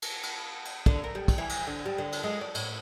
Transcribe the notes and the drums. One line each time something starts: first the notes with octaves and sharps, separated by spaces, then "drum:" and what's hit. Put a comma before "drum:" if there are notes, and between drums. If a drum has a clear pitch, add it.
drum: cymbal
drum: cymbal
drum: cymbal
D3, drum: kick
A#4
G3
drum: kick, cymbal
E3
drum: cymbal
D3
G3
D3
drum: cymbal
G#3
D5
A2, drum: cymbal